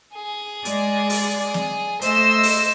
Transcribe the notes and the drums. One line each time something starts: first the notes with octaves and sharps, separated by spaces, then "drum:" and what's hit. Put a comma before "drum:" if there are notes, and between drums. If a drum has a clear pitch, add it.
G#4
G#3 D5, drum: hi-hat
drum: open hi-hat
drum: snare
A3 C5 D#5 E6, drum: hi-hat
drum: open hi-hat